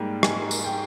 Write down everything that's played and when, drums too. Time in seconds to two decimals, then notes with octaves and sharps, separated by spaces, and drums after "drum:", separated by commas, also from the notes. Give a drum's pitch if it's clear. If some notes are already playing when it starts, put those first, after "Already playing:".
Already playing: G#2 G3 A#3
0.23 G#5, drum: rim click
0.51 drum: tambourine
0.64 G5